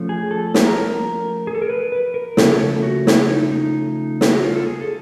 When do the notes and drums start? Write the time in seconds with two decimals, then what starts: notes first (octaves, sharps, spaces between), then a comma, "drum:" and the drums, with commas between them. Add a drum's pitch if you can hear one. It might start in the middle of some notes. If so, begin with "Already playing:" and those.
Already playing: F3 A3 C#4
0.09 G#4
0.31 A4
0.54 drum: snare
0.66 A#4
1.47 G#4
1.55 A4
1.62 A#4
1.69 B4
1.92 B4
2.14 A#4
2.37 C#3 F3 A3 C#4 A4, drum: snare
2.83 F#4
3.07 E4, drum: snare
3.29 D#4
3.52 D#4
4.21 drum: snare
4.33 F#4
4.43 F4
4.56 A4
4.67 G#4
4.81 A4